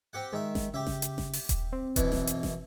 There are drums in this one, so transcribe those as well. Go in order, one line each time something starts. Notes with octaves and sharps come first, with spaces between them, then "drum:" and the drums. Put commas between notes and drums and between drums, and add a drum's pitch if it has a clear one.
C4 G4 F#5
D#3 G#3 E5
drum: snare G1
C#3 G4 E5
drum: snare G1
drum: hi-hat
drum: snare G1
drum: open hi-hat
drum: kick D#1, hi-hat
C4
F#2 B2 E3, drum: kick D#1, hi-hat
drum: snare G1
drum: hi-hat
drum: snare G1